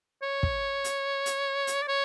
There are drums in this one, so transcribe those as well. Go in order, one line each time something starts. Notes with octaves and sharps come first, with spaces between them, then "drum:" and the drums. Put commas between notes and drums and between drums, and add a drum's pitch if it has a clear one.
C#5
drum: kick
drum: hi-hat
drum: hi-hat
drum: hi-hat
D5
C#5